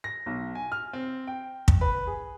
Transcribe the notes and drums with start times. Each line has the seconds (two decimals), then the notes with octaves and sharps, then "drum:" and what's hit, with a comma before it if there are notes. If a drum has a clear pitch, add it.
0.04 A#6
0.26 B1
0.55 G#5
0.72 F6
0.93 C4
1.27 G5
1.68 drum: kick
1.81 B4
2.07 G#4